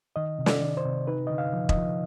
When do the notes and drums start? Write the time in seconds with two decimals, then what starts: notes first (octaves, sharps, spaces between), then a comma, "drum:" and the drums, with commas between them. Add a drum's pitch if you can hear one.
0.16 D#3 D#5
0.39 C3
0.46 D5, drum: snare
0.62 D#3
0.77 C5
0.85 C3
1.07 D#4 B4
1.27 D3 D#5
1.38 F5
1.53 F3
1.69 D#5, drum: kick E1
1.77 F3